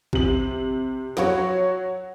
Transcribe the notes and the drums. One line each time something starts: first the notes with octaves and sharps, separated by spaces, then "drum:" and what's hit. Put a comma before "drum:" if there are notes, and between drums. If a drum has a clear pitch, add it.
C3 F#7, drum: kick A1
F#3 F#4 C#5, drum: snare